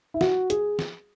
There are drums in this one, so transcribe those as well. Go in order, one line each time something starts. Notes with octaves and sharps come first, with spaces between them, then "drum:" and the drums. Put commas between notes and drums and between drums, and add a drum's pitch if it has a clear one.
E4
F#4, drum: snare
G#4, drum: hi-hat
drum: snare